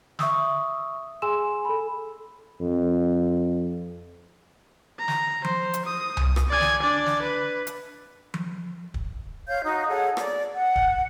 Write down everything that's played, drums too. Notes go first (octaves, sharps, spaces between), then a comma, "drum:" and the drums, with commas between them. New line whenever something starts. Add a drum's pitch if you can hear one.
E5 C#6 D#6 E6, drum: snare
G#4 G#5 C6 E6 E7
A4 B5
F2
A#5
drum: snare
C5, drum: tom F3
drum: hi-hat
D#6
drum: tom C2
drum: rim click
D5 G#5
drum: snare
D4 D5
drum: snare
B4
drum: hi-hat
drum: tom F3
drum: kick
C#5 F5 G6
D#4 F#4 D#5
G#4 A4 C#5 F#5
D5, drum: rim click
F#5
drum: kick